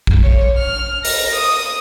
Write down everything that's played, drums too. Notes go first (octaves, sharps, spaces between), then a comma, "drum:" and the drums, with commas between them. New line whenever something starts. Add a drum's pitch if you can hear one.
drum: kick A#1
C#5
F6
A#6, drum: open hi-hat
D#6